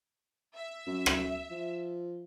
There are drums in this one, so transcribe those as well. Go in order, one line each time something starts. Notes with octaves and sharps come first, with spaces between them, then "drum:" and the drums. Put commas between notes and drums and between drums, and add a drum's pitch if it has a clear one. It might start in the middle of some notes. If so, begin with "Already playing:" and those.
E5
F#2
drum: rim click
F3